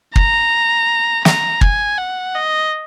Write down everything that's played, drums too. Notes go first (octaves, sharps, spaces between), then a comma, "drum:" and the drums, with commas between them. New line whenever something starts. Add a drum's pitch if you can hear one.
A#5, drum: kick
A#5, drum: snare
G#5, drum: kick
F#5
D#5